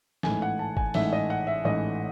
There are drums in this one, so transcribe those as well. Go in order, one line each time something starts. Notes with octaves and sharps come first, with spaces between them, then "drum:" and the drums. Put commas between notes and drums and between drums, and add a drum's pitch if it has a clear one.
A1 G#2 E3 A3 D#4 G#5, drum: snare
F#5
A5
G#5, drum: kick G#1
A1 G#2 E3 A3 D#4 E5, drum: open hi-hat
D#5
F#5
E5
A1 G#2 E3 A3 D#4 D#5